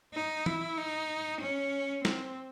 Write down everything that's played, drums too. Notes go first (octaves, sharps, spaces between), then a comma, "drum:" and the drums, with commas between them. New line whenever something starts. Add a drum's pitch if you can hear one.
D#4
E4, drum: tom
D#4
C#4
C4, drum: snare